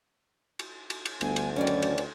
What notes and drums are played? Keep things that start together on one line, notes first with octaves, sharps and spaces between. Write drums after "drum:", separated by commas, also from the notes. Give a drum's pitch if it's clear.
drum: cymbal
drum: cymbal
drum: cymbal
G1 D2 G#5, drum: cymbal
drum: cymbal
F#2 D#3 E3 C#4 D5
drum: cymbal
drum: cymbal
drum: cymbal